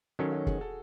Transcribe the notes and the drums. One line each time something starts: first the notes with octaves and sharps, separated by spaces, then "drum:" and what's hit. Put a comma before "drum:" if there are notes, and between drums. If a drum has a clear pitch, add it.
D#3 F#3 C#4 A4
F#4
G#4, drum: kick
A4